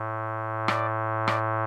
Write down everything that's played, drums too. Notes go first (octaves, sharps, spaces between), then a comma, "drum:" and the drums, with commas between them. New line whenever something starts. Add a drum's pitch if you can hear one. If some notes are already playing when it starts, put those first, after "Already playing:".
Already playing: A2
D5, drum: rim click
D5, drum: rim click